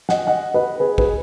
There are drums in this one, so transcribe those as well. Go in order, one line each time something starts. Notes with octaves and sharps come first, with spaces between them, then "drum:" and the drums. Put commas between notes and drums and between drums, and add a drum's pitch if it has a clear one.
D#5 F#5, drum: snare
D#5 F#5
B4 D#5
G#4 B4
G#4 B4, drum: kick